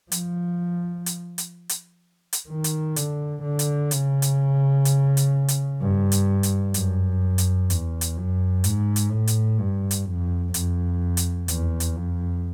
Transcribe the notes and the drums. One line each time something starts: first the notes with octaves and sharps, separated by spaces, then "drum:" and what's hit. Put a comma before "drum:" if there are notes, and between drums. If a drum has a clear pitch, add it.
F3, drum: hi-hat
drum: hi-hat
drum: hi-hat
drum: hi-hat
drum: hi-hat
D#3
drum: hi-hat
D3, drum: hi-hat
D3
drum: hi-hat
C#3, drum: hi-hat
drum: hi-hat
drum: hi-hat
drum: hi-hat
drum: hi-hat
G2
drum: hi-hat
drum: hi-hat
F#2, drum: hi-hat
drum: hi-hat
E2, drum: hi-hat
drum: hi-hat
F#2
G#2, drum: hi-hat
drum: hi-hat
A2
drum: hi-hat
G2
drum: hi-hat
F2
F2, drum: hi-hat
drum: hi-hat
E2, drum: hi-hat
drum: hi-hat
F2